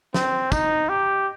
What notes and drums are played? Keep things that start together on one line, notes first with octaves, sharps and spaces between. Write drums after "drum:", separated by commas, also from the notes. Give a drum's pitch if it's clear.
C4, drum: snare
D#4, drum: kick, tambourine
G4